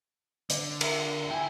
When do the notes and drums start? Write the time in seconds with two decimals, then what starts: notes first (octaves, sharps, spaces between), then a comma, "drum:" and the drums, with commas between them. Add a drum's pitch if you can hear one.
0.50 D3, drum: hi-hat
0.81 A#4 E5, drum: cymbal
1.31 E4 G5 G#5